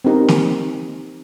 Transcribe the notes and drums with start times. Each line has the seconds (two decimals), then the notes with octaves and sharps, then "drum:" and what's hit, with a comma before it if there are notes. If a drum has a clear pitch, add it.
0.05 C4 D#4 G4 A#4
0.28 drum: snare